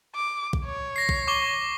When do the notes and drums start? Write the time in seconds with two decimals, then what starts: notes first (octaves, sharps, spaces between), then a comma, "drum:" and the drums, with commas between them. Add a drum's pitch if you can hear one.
0.15 D6
0.53 drum: kick
0.65 C#5
0.96 A#6 C7
1.09 drum: kick
1.27 C#6 D6 G7